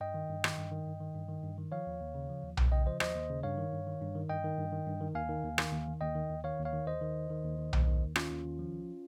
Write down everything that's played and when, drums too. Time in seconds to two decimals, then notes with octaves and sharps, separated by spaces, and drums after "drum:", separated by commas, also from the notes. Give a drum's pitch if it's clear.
0.01 G2 D#5 G5
0.14 D#3
0.29 G2
0.44 D#3, drum: rim click
0.58 G2
0.71 D#3
0.86 G2
1.01 D#3
1.14 G2
1.29 D#3
1.44 G2
1.58 D#3
1.72 F3 C#5 F5
1.87 D#2
2.00 D#2
2.15 C#3
2.30 F3
2.44 D#2
2.57 D#2, drum: tom B1
2.72 C#3 D#5 G5
2.86 F3 C5 D#5
3.00 D#2 C5 D#5, drum: rim click
3.15 D#2
3.30 C#3
3.43 G2 C#5 F5
3.58 D#3
3.72 G2
3.87 D#3
4.01 G2
4.15 D#3
4.29 G2 D#5 G5
4.44 D#3
4.58 G2
4.72 D#3
4.86 G2
5.01 D#3
5.15 D#2 F5 G#5
5.29 D#3
5.44 D#2
5.58 D#3, drum: rim click
5.72 D#2
5.87 D#3
6.01 D#2 D#5 G5
6.15 D#3
6.30 D#2
6.44 D#3 C#5 F5
6.59 D#2
6.65 C#5 F5
6.73 D#3
6.87 D#2 C5 D#5
7.01 D#3
7.16 D#2
7.30 D#3
7.44 D#2
7.58 D#3
7.73 D#2, drum: tom B1
7.87 D#3
8.01 D#2
8.16 D#3 C#4 F4, drum: rim click
8.30 D#2
8.44 D#3
8.59 F3
8.72 C2